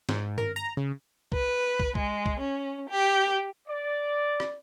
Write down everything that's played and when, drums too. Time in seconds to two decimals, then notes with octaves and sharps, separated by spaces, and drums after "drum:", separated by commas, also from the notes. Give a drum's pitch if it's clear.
0.09 G#2, drum: snare
0.38 A#4, drum: tom G2
0.56 A#5
0.77 C#3
1.32 B4, drum: kick
1.80 drum: kick
1.95 G#3, drum: kick
2.26 drum: kick
2.40 C#4
2.88 G4
3.68 D5
4.40 drum: rim click